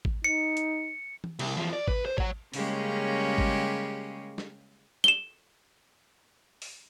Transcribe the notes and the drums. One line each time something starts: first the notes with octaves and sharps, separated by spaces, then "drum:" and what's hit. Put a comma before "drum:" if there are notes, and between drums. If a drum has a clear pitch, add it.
drum: kick G#1
D#4 C#7
drum: hi-hat
drum: tom E3
C2, drum: cymbal
E2 F3
D5
B4, drum: kick G#1
C5
C#5 F#5, drum: kick G#1
C#3 G3 G#3 A#3 C#4 G4, drum: open hi-hat
drum: kick G#1
drum: snare
E7 G7, drum: snare
drum: open hi-hat